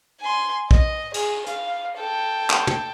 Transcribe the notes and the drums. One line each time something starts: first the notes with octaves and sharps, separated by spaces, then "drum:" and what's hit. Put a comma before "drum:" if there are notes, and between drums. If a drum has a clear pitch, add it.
G#5 C6
D#5, drum: kick
G#4, drum: cymbal
F5, drum: hi-hat
A4 G5
drum: clap
drum: tom